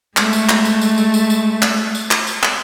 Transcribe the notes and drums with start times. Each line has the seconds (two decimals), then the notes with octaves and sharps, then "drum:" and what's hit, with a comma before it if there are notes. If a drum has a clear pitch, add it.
0.17 G#3 A3, drum: clap
0.33 drum: tambourine
0.49 drum: clap
0.65 drum: tambourine
0.81 drum: tambourine
0.98 drum: tambourine
1.14 drum: tambourine
1.30 drum: tambourine
1.62 drum: clap
1.95 drum: tambourine
2.11 drum: clap
2.27 drum: tambourine
2.43 drum: clap